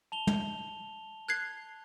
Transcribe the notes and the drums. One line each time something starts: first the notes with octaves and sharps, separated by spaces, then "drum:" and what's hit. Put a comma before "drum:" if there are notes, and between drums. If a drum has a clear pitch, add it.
A5 F7 G7
drum: tom
F#6 G#6 C7